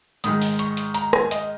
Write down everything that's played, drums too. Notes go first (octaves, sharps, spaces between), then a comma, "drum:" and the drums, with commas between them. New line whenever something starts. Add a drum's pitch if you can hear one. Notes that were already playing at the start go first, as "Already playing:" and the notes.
G#2 D#3 G#3 D#6, drum: hi-hat
drum: open hi-hat
C#6, drum: hi-hat
drum: hi-hat
A#5, drum: hi-hat
G#5, drum: rim click
D#5, drum: hi-hat